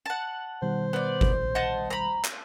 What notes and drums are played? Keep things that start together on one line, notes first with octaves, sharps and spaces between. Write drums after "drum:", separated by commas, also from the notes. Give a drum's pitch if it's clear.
F#5 A5
B2 D#3 G3 C5
B3 D5
drum: kick G1
D#5 F#5 A5
A#5 B5
drum: clap